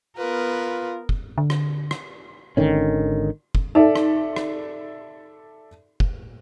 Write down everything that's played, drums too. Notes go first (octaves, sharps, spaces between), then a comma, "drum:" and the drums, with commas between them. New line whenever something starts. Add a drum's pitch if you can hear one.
B3 F4 A#4 B4
drum: kick
D3
drum: rim click
drum: rim click
G#1 D3 D#3 C#4
drum: kick
D#4 A4 D5 E5
drum: rim click
drum: rim click
drum: kick